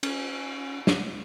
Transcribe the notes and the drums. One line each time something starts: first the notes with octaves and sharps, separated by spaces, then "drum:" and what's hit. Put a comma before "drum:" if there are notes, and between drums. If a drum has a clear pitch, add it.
C#4, drum: cymbal
drum: snare